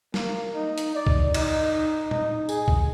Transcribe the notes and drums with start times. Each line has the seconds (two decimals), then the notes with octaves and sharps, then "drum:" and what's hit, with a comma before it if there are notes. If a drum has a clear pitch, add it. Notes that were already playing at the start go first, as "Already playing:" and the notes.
0.14 A#3, drum: snare
0.54 D#4
0.78 drum: hi-hat
0.95 D5
1.07 drum: kick C2
1.34 D#4, drum: cymbal
2.11 D#4, drum: tom A#2
2.49 G#4, drum: tambourine
2.68 drum: kick C2